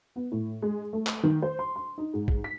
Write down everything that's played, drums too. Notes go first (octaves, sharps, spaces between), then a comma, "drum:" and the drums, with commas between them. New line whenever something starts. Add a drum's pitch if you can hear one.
B3
A2
G#3
A3
drum: clap
D#3
C5
C6
C6
D#4
G#2
drum: kick A#1
B6